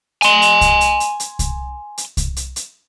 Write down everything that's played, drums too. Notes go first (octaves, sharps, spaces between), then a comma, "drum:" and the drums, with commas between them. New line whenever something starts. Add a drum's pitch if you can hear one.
G#5 C6, drum: hi-hat
drum: hi-hat
drum: kick C2, hi-hat
drum: hi-hat
drum: hi-hat
drum: hi-hat
drum: kick C2, hi-hat
drum: hi-hat
drum: kick C2, hi-hat
drum: hi-hat
drum: hi-hat